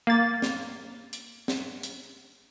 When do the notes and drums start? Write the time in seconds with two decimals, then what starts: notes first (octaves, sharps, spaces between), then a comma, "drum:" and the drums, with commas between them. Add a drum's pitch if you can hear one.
0.07 A#3 A6
0.42 drum: snare
1.13 drum: hi-hat
1.48 drum: snare
1.83 drum: hi-hat